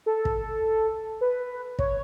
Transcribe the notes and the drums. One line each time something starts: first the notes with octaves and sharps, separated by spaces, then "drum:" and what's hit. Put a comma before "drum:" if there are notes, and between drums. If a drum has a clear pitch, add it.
A4
drum: kick
B4
C#5, drum: kick